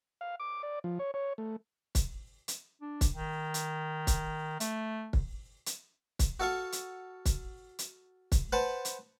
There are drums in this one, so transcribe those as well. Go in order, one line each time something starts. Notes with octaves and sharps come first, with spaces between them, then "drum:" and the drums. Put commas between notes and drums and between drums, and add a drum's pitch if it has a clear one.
F5
D6
D5
F3
C#5
C#5
A3
drum: kick, hi-hat
drum: hi-hat
D4
drum: kick, hi-hat
D#3
drum: hi-hat
drum: kick, hi-hat
A3, drum: hi-hat
drum: kick
drum: hi-hat
drum: kick, hi-hat
F#4 A4 F5 C#6
drum: hi-hat
drum: kick, hi-hat
drum: hi-hat
drum: kick, hi-hat
B4 C5 F#5 A5
drum: hi-hat